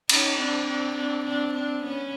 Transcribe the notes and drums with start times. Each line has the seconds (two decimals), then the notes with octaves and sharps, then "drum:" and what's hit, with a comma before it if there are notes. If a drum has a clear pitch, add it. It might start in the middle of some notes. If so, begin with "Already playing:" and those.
0.09 C#4 D#4, drum: cymbal
0.38 C4 D4
0.67 C4 D4
0.96 C4 D4
1.25 C4 D4
1.54 C4 D4
1.83 B3 C#4